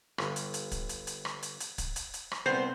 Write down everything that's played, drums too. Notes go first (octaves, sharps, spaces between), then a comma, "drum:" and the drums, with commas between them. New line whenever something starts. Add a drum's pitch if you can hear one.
G1, drum: rim click
drum: hi-hat
drum: hi-hat
drum: kick, hi-hat
drum: hi-hat
drum: hi-hat
drum: rim click
drum: hi-hat
drum: hi-hat
drum: kick, hi-hat
drum: hi-hat
drum: hi-hat
drum: rim click
C2 B3 C4 C5